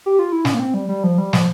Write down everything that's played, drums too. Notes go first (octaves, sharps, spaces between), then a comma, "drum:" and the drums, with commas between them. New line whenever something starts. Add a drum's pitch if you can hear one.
G4
F4
E4
C#4, drum: snare
A#3
C4
G3
G3
F3
G3
F3, drum: snare